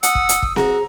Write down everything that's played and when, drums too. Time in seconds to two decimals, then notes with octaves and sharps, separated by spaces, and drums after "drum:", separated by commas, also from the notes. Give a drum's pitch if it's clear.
0.03 F#5 D#6 E6, drum: hi-hat
0.15 drum: kick
0.29 drum: hi-hat
0.42 drum: kick
0.56 F#4 G#4 A#5, drum: snare C4